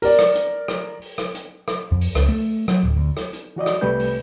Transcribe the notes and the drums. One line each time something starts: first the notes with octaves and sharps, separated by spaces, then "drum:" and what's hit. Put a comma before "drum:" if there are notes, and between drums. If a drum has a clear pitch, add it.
A#4 D5, drum: open hi-hat
drum: rim click
drum: hi-hat
drum: rim click
drum: open hi-hat
drum: rim click
drum: hi-hat
drum: rim click
F2
drum: open hi-hat
C#2, drum: rim click
A3
F#3, drum: rim click
D1
D2
drum: rim click
drum: hi-hat
E3 F#4 D5 D#5
drum: rim click
C2 C3 G3 A3 B4 G6
drum: open hi-hat